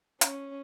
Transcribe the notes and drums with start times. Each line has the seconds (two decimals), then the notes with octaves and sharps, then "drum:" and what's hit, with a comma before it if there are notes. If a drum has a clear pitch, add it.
0.21 C#4, drum: hi-hat